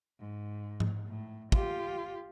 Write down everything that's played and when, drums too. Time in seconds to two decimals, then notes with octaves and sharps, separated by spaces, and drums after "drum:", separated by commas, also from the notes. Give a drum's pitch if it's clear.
0.20 G#2
0.80 drum: tom G#2
1.07 A2
1.52 F4 G4, drum: kick